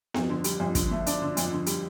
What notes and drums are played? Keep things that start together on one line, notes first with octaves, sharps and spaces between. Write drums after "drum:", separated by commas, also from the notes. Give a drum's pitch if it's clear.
F2, drum: snare B3
D3
G3, drum: hi-hat
F2
D3, drum: kick, hi-hat
A3
D4, drum: hi-hat
D3
F2, drum: hi-hat
D3
G3, drum: hi-hat